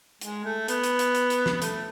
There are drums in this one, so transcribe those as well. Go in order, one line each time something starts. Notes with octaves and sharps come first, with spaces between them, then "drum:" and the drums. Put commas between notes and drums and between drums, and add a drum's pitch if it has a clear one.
G#3, drum: hi-hat
A3
B3, drum: hi-hat
drum: hi-hat
drum: hi-hat
drum: hi-hat
drum: hi-hat
drum: snare
A3, drum: hi-hat